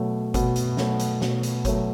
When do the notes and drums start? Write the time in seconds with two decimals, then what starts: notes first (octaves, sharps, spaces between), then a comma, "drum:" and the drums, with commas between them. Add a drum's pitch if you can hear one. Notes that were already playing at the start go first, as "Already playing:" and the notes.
Already playing: B2 F#3 A3
0.34 B2, drum: kick G1, hi-hat
0.56 drum: hi-hat
0.77 F#3 A3, drum: snare
1.00 drum: hi-hat
1.21 B2, drum: snare
1.43 drum: hi-hat
1.65 F#3 A3, drum: kick G1, hi-hat